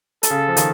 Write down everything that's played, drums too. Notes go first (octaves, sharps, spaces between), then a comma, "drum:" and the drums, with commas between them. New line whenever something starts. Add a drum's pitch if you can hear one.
A4, drum: hi-hat
C#3
F3
D#3, drum: hi-hat